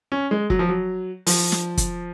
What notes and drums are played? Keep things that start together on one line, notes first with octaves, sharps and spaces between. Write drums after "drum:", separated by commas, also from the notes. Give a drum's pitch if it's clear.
C#4
G#3
F#3, drum: kick
F3
F#3
F3, drum: open hi-hat
drum: snare
drum: kick, hi-hat